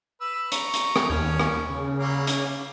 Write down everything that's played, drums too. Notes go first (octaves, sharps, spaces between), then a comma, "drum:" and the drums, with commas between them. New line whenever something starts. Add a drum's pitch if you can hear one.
B4 E6
A#5 C#6, drum: hi-hat
drum: hi-hat
drum: rim click
D#2 C#4 D4 C#5
drum: rim click
C#3
F#3 G3 A#3
drum: hi-hat